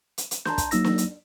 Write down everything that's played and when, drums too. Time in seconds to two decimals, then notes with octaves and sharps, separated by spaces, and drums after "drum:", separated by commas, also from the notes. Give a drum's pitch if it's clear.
0.18 drum: hi-hat
0.31 drum: hi-hat
0.45 A5 A#5 C6 G6, drum: snare
0.58 drum: kick, hi-hat
0.71 F#3 A#3 D#4 E6 A#6, drum: hi-hat
0.84 drum: snare
0.98 drum: hi-hat